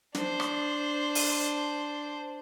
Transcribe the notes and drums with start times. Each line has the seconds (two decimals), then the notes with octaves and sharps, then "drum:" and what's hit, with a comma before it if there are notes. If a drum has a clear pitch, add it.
0.15 D4 C5, drum: snare
0.40 drum: rim click
1.15 drum: open hi-hat